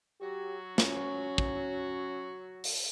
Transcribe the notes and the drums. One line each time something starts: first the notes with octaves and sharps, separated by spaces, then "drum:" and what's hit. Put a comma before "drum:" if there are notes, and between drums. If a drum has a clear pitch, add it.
F#3 F#4 G4
C#4, drum: snare
drum: kick
drum: open hi-hat